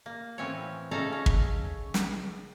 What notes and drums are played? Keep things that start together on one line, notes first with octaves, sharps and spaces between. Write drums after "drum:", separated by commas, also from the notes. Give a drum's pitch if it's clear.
A#3
A2 E3 C4 C#4 C#5
C#3 C#4 D#4 A4 F5 A#5
C#4
drum: kick
drum: snare